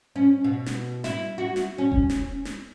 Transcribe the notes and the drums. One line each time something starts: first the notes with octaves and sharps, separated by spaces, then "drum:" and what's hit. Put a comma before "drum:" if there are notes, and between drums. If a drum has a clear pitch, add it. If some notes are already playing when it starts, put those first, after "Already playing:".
C#4
B2
drum: snare
E4, drum: snare
F#4
drum: snare
C#4
drum: kick E1
drum: snare
drum: snare